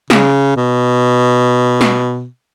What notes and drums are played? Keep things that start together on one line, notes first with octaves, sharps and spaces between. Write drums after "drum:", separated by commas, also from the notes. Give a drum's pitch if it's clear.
C#3, drum: snare
B2
drum: snare